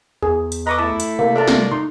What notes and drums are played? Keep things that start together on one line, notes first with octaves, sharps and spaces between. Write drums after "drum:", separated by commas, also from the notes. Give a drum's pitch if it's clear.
E2 G#4
drum: hi-hat
A4 B4 D#5 A#5 C#6 D6
A3 E4 A5
drum: hi-hat
C3 A#3
A#3 D4 F4 A4 E5 A5
drum: snare
D#4 C6